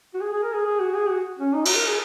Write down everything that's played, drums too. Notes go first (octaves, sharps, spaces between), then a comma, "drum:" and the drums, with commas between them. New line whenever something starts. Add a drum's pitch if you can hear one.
F#4
G#4
G#4
A#4
G#4
G#4
F#4
G#4
F#4
C#4
D#4
F#4, drum: cymbal
A#4
G#4